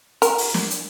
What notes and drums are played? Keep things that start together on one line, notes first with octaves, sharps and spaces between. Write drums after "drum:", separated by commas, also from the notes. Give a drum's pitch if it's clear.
A#4, drum: hi-hat
drum: open hi-hat
drum: snare
drum: hi-hat